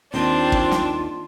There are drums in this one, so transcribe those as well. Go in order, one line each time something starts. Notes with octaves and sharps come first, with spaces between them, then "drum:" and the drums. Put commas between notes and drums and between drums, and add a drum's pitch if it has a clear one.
D#2 D#3 C4 D4 F4
drum: kick
drum: snare